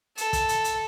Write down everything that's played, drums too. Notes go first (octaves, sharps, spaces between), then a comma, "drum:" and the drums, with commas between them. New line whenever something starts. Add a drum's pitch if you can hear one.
A4, drum: hi-hat
drum: kick, hi-hat
drum: hi-hat
drum: hi-hat